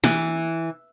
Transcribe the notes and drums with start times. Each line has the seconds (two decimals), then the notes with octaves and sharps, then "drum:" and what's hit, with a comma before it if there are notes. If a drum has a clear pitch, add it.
0.04 E3, drum: snare